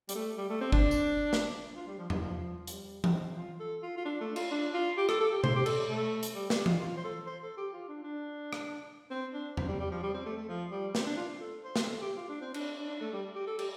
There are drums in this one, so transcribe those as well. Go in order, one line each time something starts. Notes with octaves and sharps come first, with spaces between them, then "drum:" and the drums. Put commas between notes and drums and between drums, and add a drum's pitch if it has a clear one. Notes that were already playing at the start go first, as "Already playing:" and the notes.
G3, drum: hi-hat
A3
G3
A3
C4
D4, drum: kick
drum: tambourine
drum: snare
F4
G3
F3
G3, drum: tom E2
F3
G3, drum: hi-hat
drum: tom E3
C4
F4
A4
F4
F4
D4
A3
F4, drum: cymbal
D4
F4
G4
A4, drum: rim click
A4
G4
C5, drum: tom B2
G4
A4, drum: cymbal
A3
drum: hi-hat
G3
G3, drum: snare
F4, drum: tom E3
F4
C5
A4
C5
A4
G4
F4
D4
D4
drum: rim click
C4
D4
C4, drum: tom E2
G3
G3
F3
G3
C4
A3
A3
F3
G3
C4, drum: snare
D4
F4
A4
C5
drum: snare
A4
G4
F4
D4
C4
D4, drum: cymbal
D4
D4
A3
G3
G4
A4
G4, drum: cymbal